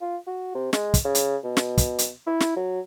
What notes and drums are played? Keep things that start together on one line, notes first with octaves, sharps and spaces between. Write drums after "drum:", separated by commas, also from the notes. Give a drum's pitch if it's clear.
F4
F#4
C3
G#3, drum: snare
drum: kick, hi-hat
C#3
drum: hi-hat
B2
drum: snare
drum: kick, hi-hat
drum: hi-hat
E4
drum: snare
F#3